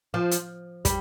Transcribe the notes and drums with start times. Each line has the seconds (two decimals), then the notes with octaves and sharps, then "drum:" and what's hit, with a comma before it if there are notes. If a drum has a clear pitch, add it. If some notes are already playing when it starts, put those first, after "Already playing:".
0.14 F3
0.31 drum: hi-hat
0.85 G3, drum: kick, hi-hat